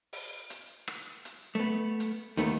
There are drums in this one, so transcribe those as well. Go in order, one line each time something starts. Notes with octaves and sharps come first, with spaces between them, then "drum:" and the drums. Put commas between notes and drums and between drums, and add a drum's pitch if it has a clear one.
drum: open hi-hat
drum: hi-hat
drum: rim click
drum: hi-hat
A3 B3
drum: hi-hat
D#2 D#3 A3 B3, drum: hi-hat